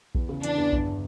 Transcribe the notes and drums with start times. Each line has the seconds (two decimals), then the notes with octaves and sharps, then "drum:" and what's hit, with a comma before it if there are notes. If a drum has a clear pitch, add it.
0.15 E2, drum: kick A#1
0.29 C#3
0.43 E3 D4, drum: hi-hat
0.58 E2
0.73 G1, drum: kick A#1